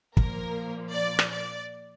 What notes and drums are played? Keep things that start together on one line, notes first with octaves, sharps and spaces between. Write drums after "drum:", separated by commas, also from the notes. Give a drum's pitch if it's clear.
A#2 F3 A#3 A#4, drum: kick
D5
drum: rim click
D5